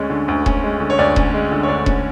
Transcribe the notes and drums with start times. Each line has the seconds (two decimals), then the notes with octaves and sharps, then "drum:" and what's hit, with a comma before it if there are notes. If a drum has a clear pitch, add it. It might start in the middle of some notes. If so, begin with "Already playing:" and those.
Already playing: D2 G#3 C#4 D4
0.10 D3
0.28 D2
0.46 C#4, drum: kick E1
0.64 G#3
0.80 D3
0.90 C#5
0.99 D2 D4 D5
1.16 C#4, drum: kick E1
1.34 G#3
1.51 D3
1.63 C#5
1.68 D2 D4 D5
1.86 C#4, drum: kick E1